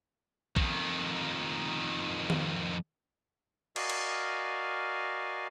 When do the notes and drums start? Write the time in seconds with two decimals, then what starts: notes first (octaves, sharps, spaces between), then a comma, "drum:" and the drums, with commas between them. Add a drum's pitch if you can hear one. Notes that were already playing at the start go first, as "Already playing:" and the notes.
0.56 F2 D#3, drum: kick
2.30 drum: tom D#3
3.76 F#4 A#4 D5 D#5 F5 G#5, drum: cymbal
3.90 drum: cymbal